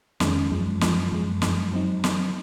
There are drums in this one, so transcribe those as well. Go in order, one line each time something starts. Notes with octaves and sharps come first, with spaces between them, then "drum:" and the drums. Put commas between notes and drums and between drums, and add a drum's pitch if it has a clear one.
F2 D#3 G#3 C#4, drum: snare
F#2 F3 G#3
F#2 F3 G#3, drum: snare
F#2 F3 G#3
F#2 F3 G#3, drum: snare
F#3 C4 D#4
F#3 C4 D#4, drum: snare